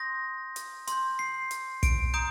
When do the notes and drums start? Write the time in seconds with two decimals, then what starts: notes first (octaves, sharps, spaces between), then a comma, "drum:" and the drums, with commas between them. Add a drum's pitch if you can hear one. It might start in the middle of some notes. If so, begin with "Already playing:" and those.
Already playing: C6 D#6 G6 A#6
0.56 drum: hi-hat
0.87 C6 G6, drum: hi-hat
1.19 C7
1.51 drum: hi-hat
1.83 D7, drum: kick, hi-hat
2.14 A#5 D#6 G6 D7